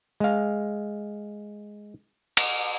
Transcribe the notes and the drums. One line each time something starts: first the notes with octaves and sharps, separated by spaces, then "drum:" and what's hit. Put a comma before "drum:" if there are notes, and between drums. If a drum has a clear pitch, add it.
G#3 F5
drum: cymbal